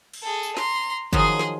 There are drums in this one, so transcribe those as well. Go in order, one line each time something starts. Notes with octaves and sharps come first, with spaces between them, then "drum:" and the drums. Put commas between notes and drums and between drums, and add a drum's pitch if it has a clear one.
drum: cymbal
G#4 A4
drum: tambourine
A#5 C6, drum: snare
D#3 F3 F#3 G#4 C6, drum: kick
drum: snare